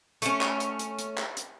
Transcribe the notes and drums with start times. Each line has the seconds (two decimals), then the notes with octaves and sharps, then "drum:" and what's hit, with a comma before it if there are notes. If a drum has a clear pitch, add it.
0.22 A3 C#4, drum: hi-hat
0.41 drum: clap
0.60 drum: hi-hat
0.79 drum: hi-hat
0.99 drum: hi-hat
1.18 drum: clap
1.37 drum: hi-hat